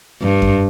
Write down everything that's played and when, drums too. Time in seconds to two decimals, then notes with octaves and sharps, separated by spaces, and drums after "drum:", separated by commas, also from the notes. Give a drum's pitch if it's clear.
0.21 G2
0.42 drum: kick F2